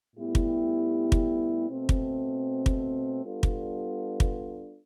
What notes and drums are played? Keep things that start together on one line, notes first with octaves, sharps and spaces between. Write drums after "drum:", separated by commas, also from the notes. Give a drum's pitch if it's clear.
A2 G3 B3 E4 G4
drum: kick
drum: kick
B2 A3 C4
drum: kick
drum: kick
G3 B3 D4 F4 A4
drum: kick
drum: kick